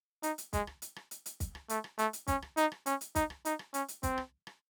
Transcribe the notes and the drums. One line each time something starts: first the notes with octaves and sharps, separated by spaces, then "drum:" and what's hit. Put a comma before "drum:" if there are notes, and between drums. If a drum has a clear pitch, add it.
D#4, drum: hi-hat
drum: hi-hat
G#3, drum: kick, hi-hat
drum: rim click
drum: hi-hat
drum: rim click
drum: hi-hat
drum: hi-hat
drum: kick, hi-hat
drum: rim click
A3, drum: hi-hat
drum: rim click
A3, drum: hi-hat
drum: hi-hat
C#4, drum: kick, hi-hat
drum: rim click
D#4, drum: hi-hat
drum: rim click
C#4, drum: hi-hat
drum: hi-hat
D#4, drum: kick, hi-hat
drum: rim click
D#4, drum: hi-hat
drum: rim click
C#4, drum: hi-hat
drum: hi-hat
C4, drum: kick, hi-hat
drum: rim click
drum: rim click